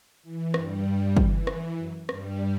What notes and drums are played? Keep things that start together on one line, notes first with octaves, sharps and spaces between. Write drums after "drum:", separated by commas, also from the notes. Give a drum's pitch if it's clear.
E3
G2 G3, drum: rim click
E3, drum: kick
drum: rim click
F#2 F#3
G2 G3, drum: rim click